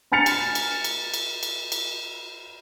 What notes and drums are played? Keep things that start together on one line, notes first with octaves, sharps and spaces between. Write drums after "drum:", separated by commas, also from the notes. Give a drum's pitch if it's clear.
G#5 A#5 F6 A6 C#7 F7
drum: cymbal
drum: cymbal
drum: cymbal
drum: cymbal
drum: cymbal
drum: cymbal